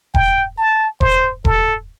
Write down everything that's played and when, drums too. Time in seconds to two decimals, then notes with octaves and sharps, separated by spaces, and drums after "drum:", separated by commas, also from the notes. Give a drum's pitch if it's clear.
0.14 G5, drum: kick E1
0.58 A5
1.01 C5, drum: kick E1
1.45 A4, drum: kick E1